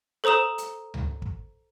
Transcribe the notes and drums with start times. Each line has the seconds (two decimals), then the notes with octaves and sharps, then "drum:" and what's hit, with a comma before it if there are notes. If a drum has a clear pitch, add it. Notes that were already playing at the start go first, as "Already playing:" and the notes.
0.24 A4 C5 A#5 D#6 E7
0.58 drum: hi-hat
0.94 drum: tom C#2
1.22 drum: kick